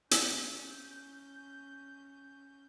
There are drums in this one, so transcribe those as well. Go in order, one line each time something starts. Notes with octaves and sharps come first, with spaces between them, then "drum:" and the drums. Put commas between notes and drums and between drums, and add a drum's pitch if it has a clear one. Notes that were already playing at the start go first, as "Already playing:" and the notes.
C#4 G6, drum: hi-hat